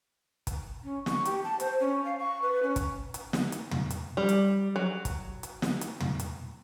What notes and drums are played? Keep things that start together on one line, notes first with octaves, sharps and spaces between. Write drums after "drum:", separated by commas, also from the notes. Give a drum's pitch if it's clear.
drum: kick, hi-hat
C#4
C#6, drum: snare
G4, drum: hi-hat
A5
C5, drum: hi-hat
C#4
F5
C#6
B4
C#4
drum: kick, hi-hat
drum: hi-hat
drum: snare
drum: hi-hat
drum: tom
drum: hi-hat
G3
drum: hi-hat
F#3
drum: kick, hi-hat
drum: hi-hat
drum: snare
drum: hi-hat
drum: tom
drum: hi-hat